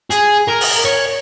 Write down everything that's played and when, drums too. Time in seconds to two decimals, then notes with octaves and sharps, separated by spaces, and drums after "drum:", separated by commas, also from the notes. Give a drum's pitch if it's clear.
0.11 G#4, drum: hi-hat
0.48 A#4
0.61 drum: open hi-hat
0.85 C#5